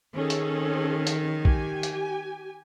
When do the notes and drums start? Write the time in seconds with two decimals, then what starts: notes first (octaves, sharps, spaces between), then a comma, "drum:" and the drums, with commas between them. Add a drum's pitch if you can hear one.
0.15 D#3 C#4 G#4 A4
0.30 drum: hi-hat
1.07 drum: hi-hat
1.45 G4 G#5, drum: kick
1.83 drum: hi-hat